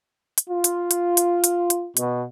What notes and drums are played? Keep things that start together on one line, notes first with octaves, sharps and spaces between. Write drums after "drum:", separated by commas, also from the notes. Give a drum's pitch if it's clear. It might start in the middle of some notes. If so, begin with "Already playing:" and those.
drum: hi-hat
F4
drum: hi-hat
drum: hi-hat
drum: hi-hat
drum: hi-hat
drum: hi-hat
B2, drum: hi-hat